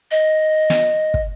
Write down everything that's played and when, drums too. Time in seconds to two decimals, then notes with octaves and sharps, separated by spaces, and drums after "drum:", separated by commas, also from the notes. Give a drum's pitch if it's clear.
0.11 D#5
0.70 drum: snare
1.14 drum: kick